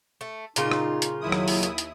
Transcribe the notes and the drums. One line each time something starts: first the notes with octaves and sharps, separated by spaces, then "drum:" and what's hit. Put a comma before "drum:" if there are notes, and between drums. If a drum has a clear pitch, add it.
A3
A#2 C#3 D#4 F4, drum: hi-hat
drum: rim click
drum: hi-hat
D#2 F#3 E4 D#6
drum: rim click
drum: open hi-hat
drum: hi-hat
drum: hi-hat